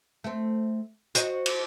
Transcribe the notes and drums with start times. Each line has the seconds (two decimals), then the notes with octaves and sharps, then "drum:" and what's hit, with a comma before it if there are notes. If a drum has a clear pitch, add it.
0.24 A3 C4
1.15 F#4 C5 D#5, drum: hi-hat
1.46 drum: cymbal